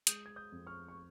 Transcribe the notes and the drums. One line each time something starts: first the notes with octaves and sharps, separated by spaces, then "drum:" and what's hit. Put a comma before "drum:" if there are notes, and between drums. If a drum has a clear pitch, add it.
G#3 D#6 G6, drum: hi-hat
G#6
D#6 G6
F2
C#6 F6
C#6